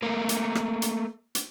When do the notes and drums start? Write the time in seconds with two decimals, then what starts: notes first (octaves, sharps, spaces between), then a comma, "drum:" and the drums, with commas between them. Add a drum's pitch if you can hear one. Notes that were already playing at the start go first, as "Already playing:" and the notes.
0.02 A3 A#3 A#4
0.29 drum: hi-hat
0.55 drum: rim click
0.82 drum: hi-hat
1.35 drum: hi-hat